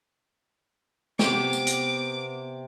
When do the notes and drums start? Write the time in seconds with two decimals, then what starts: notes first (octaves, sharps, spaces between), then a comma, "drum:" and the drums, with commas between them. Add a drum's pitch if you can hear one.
1.19 C3 B3 D6, drum: snare
1.53 drum: tambourine
1.67 drum: hi-hat